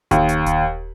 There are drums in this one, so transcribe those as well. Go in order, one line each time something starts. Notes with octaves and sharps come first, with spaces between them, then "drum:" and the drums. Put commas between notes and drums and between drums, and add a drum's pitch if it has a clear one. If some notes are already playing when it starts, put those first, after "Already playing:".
D#2, drum: kick D#1, hi-hat
drum: hi-hat
drum: kick D#1, hi-hat